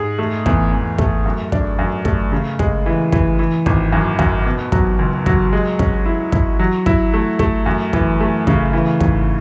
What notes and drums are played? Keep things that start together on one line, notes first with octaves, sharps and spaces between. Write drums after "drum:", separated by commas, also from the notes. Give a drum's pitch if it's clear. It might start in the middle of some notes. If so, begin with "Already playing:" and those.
Already playing: G#2 G#4
A3
E2, drum: kick
E2
A3, drum: kick
F#2
D4, drum: kick
F#2
A3, drum: kick
C#3
G#3, drum: kick
E3
E3, drum: kick
E3
G#1, drum: kick
F#2
F#2, drum: kick
B2
F#3, drum: kick
C#2
F#3, drum: kick
G#3
C#4, drum: kick
E4
E4, drum: kick
F#3
E4, drum: kick
A3
A3, drum: kick
F#2
E3, drum: kick
A3
C#3, drum: kick
E3
G#2, drum: kick